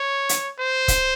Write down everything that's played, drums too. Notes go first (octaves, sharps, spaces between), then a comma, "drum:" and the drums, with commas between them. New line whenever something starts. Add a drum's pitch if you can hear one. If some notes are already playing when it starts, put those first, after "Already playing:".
Already playing: C#5
drum: hi-hat
C5
drum: kick C#1, hi-hat